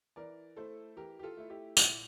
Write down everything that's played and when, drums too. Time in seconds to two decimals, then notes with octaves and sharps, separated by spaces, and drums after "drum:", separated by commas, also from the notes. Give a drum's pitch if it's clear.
0.16 E3 A#4 D5
0.56 A3 E4 A4 C5
0.96 E3 G4 A#4
1.19 G4
1.23 F4 A4
1.37 A3 E4
1.50 E4 G4
1.77 A#2 E4, drum: tambourine